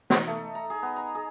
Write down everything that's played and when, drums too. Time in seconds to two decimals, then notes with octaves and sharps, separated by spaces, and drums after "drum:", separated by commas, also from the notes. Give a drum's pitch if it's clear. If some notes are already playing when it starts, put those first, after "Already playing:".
0.10 D#4, drum: snare
0.27 A3
0.55 A#5
0.70 G#4
0.82 B3
0.96 A#5
1.15 G#4